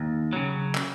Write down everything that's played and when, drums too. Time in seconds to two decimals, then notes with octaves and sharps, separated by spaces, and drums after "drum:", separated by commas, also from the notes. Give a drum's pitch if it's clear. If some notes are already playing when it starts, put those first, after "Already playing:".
Already playing: D#2
0.33 C#3 F#3
0.75 drum: clap